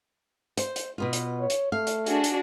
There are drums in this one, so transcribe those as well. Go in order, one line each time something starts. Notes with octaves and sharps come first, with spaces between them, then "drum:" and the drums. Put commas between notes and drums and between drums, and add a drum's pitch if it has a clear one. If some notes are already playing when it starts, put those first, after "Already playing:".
C5, drum: hi-hat
drum: hi-hat
B2 B3 F4
drum: hi-hat
C#5
drum: hi-hat
A3 F5
drum: hi-hat
D4 F#4 G#4, drum: hi-hat
drum: hi-hat